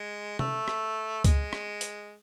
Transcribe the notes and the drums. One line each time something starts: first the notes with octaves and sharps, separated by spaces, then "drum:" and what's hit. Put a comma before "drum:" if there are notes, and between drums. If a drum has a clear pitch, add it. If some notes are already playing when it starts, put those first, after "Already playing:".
Already playing: G#3
A3, drum: tom
drum: rim click
G#3, drum: kick C#2, hi-hat
drum: rim click
drum: hi-hat